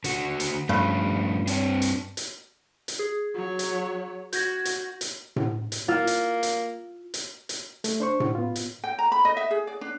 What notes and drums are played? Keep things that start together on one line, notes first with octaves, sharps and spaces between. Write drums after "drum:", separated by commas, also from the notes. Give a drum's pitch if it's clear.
D3 F#4, drum: hi-hat
drum: hi-hat
G2 F3 A3 C#4
C4 D4 C#5, drum: hi-hat
drum: hi-hat
drum: hi-hat
drum: hi-hat
G#4
F#3 C#5
drum: hi-hat
F#4 G6 G#6 A#6, drum: hi-hat
drum: hi-hat
drum: hi-hat
drum: tom A2
drum: hi-hat
A#3 F4 F5 E6
drum: hi-hat
drum: hi-hat
drum: hi-hat
drum: hi-hat
A3, drum: hi-hat
D4 C5 C#6
drum: tom A2
B3 F4
drum: hi-hat
G5
A#5
B5
D#5
E5
G#4
D5
D4